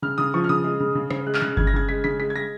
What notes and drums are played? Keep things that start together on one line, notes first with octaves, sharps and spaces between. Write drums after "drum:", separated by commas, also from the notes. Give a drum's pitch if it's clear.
C#3 F6
C#3 D#6
F3 C#6
F6
C#3 D#6
G#3
C#3
C#3
C#3, drum: rim click
G#3 F#6
F6, drum: clap
C#3 F#6
C#3 G#6, drum: kick G1
A#6
C#3 G#6
G#3 B6
C#3 B6
G#3 B6
G#6
G#3 A#6